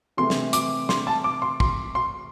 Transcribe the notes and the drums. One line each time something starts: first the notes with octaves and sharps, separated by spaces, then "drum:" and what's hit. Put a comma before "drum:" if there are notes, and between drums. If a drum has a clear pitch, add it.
C3 E3 A3 C6
drum: snare
D6, drum: hi-hat
C6, drum: snare
A5
D6
C6
C6, drum: kick
C6